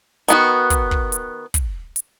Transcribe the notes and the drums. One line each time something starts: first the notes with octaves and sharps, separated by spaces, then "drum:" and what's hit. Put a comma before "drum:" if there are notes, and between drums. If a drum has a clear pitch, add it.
D#3 B3 F#4, drum: hi-hat
drum: kick, hi-hat
drum: kick
drum: hi-hat
drum: kick, hi-hat
drum: hi-hat